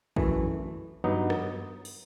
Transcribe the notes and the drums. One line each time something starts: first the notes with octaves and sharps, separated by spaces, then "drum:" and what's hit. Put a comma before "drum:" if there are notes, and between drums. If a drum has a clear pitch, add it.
F#2 E3 A3, drum: kick A1
G2 F#3 B3 D#4
drum: rim click
drum: open hi-hat